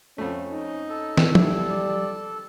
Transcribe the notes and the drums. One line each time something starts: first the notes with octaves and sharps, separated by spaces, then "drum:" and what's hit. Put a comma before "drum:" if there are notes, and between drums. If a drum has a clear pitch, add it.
F2 A3 C#4
D#4
A4
drum: snare
G3 D4 E4, drum: tom
D5